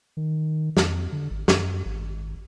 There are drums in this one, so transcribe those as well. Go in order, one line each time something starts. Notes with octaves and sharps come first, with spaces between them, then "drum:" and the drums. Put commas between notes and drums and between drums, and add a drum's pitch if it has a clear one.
D#3
F2, drum: snare
D3
G#1
F#2, drum: snare
G#1